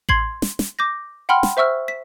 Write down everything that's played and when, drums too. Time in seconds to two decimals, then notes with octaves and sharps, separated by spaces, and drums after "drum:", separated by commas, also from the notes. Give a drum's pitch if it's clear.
0.09 C6 G#6 C7 F#7, drum: kick A1
0.42 drum: snare
0.59 drum: snare
0.79 D6 G6 A#6
1.29 F#5 G5 B5 C6 F6
1.43 drum: snare
1.57 C5 E5 C#6 E6 F6
1.88 B6